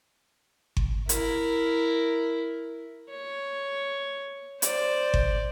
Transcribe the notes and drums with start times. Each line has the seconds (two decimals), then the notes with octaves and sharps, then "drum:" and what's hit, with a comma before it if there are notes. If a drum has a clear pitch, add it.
0.77 drum: kick G1
1.09 E4 A#4, drum: hi-hat
3.11 C#5
4.62 C5 D5, drum: hi-hat
5.14 drum: kick G1